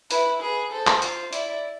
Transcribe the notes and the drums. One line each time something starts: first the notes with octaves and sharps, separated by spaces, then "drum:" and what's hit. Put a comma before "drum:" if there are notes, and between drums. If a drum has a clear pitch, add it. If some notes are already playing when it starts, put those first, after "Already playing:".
E4 B4, drum: hi-hat
G#4 B4
A4 C5
drum: clap
F4, drum: hi-hat
E4 D5, drum: hi-hat